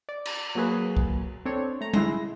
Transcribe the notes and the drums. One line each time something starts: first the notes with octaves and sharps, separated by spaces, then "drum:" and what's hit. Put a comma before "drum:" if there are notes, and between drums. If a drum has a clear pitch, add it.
D5
drum: cymbal
F#3 A#3 F#4 G#4 B4
drum: kick
C4 D4 A4 C#5
A3 A#5
G#3 E4 C6 A#6, drum: tom G3